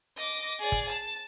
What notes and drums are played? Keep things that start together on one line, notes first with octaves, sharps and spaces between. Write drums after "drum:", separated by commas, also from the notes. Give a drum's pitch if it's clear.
D#5 D6, drum: hi-hat
G#4 D5
drum: kick
A5, drum: hi-hat